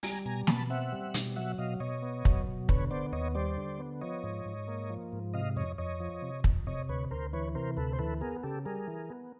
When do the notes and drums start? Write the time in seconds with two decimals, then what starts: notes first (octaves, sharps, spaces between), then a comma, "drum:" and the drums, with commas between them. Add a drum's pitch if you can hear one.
0.03 G3 G#5 A#5, drum: open hi-hat
0.26 B2 G#5 A#5
0.47 B2 A5 B5, drum: snare
0.70 C4 E5 F#5
0.92 G3
1.14 B2, drum: hi-hat
1.36 F#3 E5 F#5
1.58 B2 D#5 F5
1.80 B2 C#5 D#5
2.02 B3
2.25 F#3, drum: kick
2.46 B2
2.69 D3 B4 C#5, drum: kick
2.91 B3 C5 D5
3.13 D#2 C#5 D#5
3.35 G3 C5 D5
3.57 D3
3.79 B3
4.01 F3 C#5 D#5
4.23 G#2
4.46 G#2
4.68 A#3
4.90 F3
5.12 G#2
5.34 C3 D#5 F5
5.56 F2 C#5 D#5
5.78 F2 C#5 D#5
6.00 F3
6.22 C3
6.44 F2, drum: kick
6.67 C3 C#5 D#5
6.89 D2 B4 C#5
7.11 D2 A#4 C5
7.33 E3 B4 C#5
7.55 C3 A#4 C5
7.77 D2 A4 B4
7.93 C5
7.99 E3 A4 B4
8.21 B3 G#4 A#4
8.43 C#3 G4 A4
8.65 G3 G#4 A#4
8.88 E3
9.10 B3